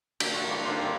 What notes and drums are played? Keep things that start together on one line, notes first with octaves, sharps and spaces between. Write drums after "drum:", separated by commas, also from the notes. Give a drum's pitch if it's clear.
D3 A#3 A5, drum: cymbal
A3 F4 F#4
E3 G3 A#3
D3 D#3 C4 D4 F4 C5
G2